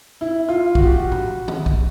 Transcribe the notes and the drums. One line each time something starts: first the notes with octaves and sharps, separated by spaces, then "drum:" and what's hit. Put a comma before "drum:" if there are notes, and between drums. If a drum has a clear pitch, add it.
E4
F4
F#4, drum: kick
G4
F#4
drum: tom A2
drum: tom D#3
drum: kick